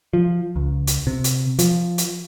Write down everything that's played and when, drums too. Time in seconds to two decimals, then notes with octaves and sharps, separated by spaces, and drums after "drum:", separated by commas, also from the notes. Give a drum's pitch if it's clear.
0.13 F3
0.56 C#2
0.87 drum: hi-hat
1.07 C3
1.24 drum: hi-hat
1.59 F3, drum: hi-hat
1.98 drum: hi-hat